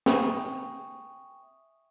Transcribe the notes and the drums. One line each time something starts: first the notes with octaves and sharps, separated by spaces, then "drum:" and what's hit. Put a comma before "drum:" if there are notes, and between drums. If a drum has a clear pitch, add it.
E5 G5 G#5 C#6 D#6, drum: snare